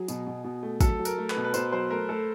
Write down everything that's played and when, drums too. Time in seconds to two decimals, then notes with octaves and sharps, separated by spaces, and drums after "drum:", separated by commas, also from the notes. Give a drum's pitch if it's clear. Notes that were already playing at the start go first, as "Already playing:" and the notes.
Already playing: F#3 G#4
0.08 B2, drum: tambourine
0.27 B2
0.44 B2
0.63 A3
0.81 F#3 A4, drum: kick A1, tambourine
0.99 F#3
1.05 A#4, drum: tambourine
1.18 A3
1.30 B4, drum: clap
1.36 B2
1.44 B4
1.54 B2 C5, drum: tambourine
1.72 F#3 C5
1.90 A3 A#4
2.09 A3 A4